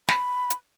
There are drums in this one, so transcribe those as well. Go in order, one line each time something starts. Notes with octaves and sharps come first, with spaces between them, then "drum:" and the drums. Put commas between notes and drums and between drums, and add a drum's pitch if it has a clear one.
B5, drum: snare
drum: hi-hat